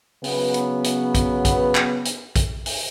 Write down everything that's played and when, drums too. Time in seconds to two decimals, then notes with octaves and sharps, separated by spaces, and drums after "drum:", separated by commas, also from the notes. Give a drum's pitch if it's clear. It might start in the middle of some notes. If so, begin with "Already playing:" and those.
0.24 C#3 F#3 B3, drum: open hi-hat
0.54 drum: hi-hat
0.84 drum: hi-hat
1.15 drum: kick A#1, hi-hat
1.45 drum: kick A#1, hi-hat
1.75 drum: clap
2.05 drum: hi-hat
2.36 drum: kick A#1, hi-hat
2.66 drum: open hi-hat